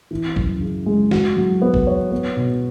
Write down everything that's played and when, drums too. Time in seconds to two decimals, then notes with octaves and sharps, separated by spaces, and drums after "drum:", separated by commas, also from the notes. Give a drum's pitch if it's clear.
0.11 E3
0.36 F#2, drum: kick
0.61 C#3
0.86 G#3
1.11 F#4, drum: snare
1.37 F#3
1.62 B3
1.74 drum: kick
1.87 C#5
2.11 B3
2.37 B2